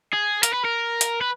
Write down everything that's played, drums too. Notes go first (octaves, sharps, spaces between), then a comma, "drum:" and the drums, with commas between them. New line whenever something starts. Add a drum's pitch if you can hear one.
G#4
A#4, drum: hi-hat
B4
A#4
drum: hi-hat
B4